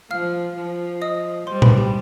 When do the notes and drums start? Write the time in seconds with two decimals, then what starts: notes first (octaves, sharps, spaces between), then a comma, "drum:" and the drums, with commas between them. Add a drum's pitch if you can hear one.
0.10 F3 F5 F6
0.57 F3
1.02 D#5 D#6
1.47 G3 C5 C6
1.62 B4 B5, drum: tom A#2
1.77 G4 G5